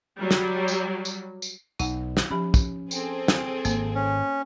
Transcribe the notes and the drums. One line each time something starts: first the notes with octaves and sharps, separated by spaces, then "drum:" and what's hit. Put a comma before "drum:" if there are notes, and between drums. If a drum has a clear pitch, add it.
F#3 G3
drum: snare
drum: tambourine
drum: tambourine
drum: tambourine
B1 D#4 F#5, drum: tambourine
drum: snare
F3 C#4 G4 B5
drum: kick, tambourine
C4 G#4 A4, drum: tambourine
drum: snare
G#1 A#3, drum: tambourine
C#4